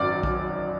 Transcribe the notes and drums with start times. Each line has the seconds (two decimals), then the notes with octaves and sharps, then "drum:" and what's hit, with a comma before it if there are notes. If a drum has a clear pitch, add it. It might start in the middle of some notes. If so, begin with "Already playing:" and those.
Already playing: G#1 F#2 D5
0.23 drum: kick